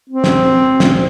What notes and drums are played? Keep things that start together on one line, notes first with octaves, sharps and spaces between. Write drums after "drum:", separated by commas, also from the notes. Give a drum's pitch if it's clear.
C4
drum: snare
drum: snare